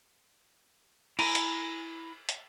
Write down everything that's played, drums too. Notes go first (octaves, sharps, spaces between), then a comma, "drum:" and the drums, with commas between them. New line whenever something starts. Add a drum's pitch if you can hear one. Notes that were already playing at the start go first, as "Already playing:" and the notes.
E4 G#5 A#5, drum: cymbal
drum: hi-hat
drum: hi-hat